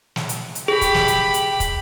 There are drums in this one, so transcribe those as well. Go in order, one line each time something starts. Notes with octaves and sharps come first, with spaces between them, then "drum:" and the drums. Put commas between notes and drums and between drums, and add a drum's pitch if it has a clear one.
drum: snare
drum: hi-hat
drum: hi-hat
G4 G#4 B5
drum: kick, hi-hat
drum: snare
drum: hi-hat
drum: hi-hat
drum: kick, hi-hat